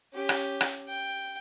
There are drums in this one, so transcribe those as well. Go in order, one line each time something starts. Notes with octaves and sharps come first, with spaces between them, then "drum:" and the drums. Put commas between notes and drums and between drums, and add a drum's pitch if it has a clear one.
C#4 G4
drum: rim click
drum: rim click
G5